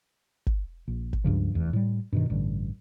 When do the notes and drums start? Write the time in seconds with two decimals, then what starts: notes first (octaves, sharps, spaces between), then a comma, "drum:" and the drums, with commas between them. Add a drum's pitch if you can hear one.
0.47 drum: kick
0.88 A#1
1.13 drum: kick
1.24 C#2 G2 C#3 F3
1.54 F1 E2
1.73 A2 G3
2.12 G2 B2 D#3
2.30 A1 G2 D3